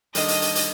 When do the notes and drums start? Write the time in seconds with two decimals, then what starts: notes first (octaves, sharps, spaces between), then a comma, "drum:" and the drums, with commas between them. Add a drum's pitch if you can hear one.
0.15 D#3 G3 D4 A4 D#5, drum: hi-hat
0.28 drum: hi-hat
0.42 drum: hi-hat
0.55 drum: hi-hat